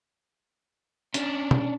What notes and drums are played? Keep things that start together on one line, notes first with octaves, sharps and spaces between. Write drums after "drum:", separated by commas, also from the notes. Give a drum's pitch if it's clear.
C#4 D4, drum: hi-hat
drum: tom